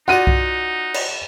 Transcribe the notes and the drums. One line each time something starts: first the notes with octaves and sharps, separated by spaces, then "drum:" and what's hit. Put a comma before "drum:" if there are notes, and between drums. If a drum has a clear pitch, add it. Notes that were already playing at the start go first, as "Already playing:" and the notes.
D#4 F4 F#4 D5 F#5 D#7
drum: kick B1
drum: cymbal